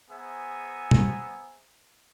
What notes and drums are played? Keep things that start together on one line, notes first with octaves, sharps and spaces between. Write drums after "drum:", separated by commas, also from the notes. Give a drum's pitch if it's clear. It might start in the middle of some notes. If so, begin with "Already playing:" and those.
B3 G#4 C5 E5 G#5 A#5
drum: tom B2